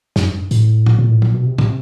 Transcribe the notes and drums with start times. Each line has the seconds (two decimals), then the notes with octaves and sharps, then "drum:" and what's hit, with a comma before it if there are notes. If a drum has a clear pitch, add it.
0.16 F#2, drum: snare
0.28 G2
0.51 A2, drum: hi-hat
0.86 A#2, drum: tom A2
0.99 A#2
1.10 A2
1.22 A#2, drum: tom
1.34 B2
1.46 C3
1.58 C3, drum: tom A2